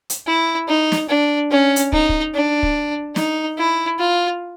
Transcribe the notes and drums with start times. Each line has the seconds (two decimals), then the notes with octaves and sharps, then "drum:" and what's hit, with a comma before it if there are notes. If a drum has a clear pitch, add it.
0.10 drum: hi-hat
0.27 E4
0.68 D#4
0.92 drum: snare
1.09 D4
1.51 C#4
1.76 drum: hi-hat
1.92 D#4, drum: kick
2.09 drum: kick
2.34 D4
2.63 drum: kick
3.16 D#4, drum: snare
3.58 E4
3.99 F4